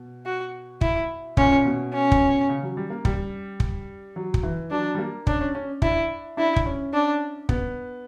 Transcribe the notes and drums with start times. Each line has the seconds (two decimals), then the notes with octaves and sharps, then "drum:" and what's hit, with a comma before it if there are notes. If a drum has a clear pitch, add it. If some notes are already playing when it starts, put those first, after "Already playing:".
Already playing: B2
0.26 F#4
0.81 E4, drum: kick
1.37 A#2 C#4, drum: kick
1.65 B2
1.93 C#4
2.12 drum: kick
2.49 C#3
2.63 F#3
2.77 G3
2.90 A#3
3.05 G3, drum: kick
3.60 drum: kick
4.16 F#3
4.34 drum: kick
4.43 E3
4.70 F#3 D4
4.95 G3
4.99 A#3
5.27 C#4 D4, drum: kick
5.41 C#4
5.55 C#4
5.82 D4 E4, drum: kick
6.37 D4 E4
6.56 drum: kick
6.66 C#4
6.93 D4
7.49 B3, drum: kick